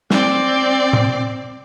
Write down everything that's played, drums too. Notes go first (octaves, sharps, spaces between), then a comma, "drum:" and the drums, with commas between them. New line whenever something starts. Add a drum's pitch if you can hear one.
C4 D5, drum: snare
drum: tom A2